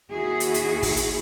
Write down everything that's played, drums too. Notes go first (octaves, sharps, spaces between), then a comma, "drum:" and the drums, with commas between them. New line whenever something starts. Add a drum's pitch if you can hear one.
D#2 E4 F#4 G#4
drum: hi-hat
drum: hi-hat
drum: kick, open hi-hat
drum: hi-hat